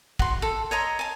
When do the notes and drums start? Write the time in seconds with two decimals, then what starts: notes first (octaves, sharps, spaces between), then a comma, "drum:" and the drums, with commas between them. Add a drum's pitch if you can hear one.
0.19 F#4 C6, drum: kick
0.42 A4
0.71 C#5 D#5 A#5 C6
0.99 G#5 A5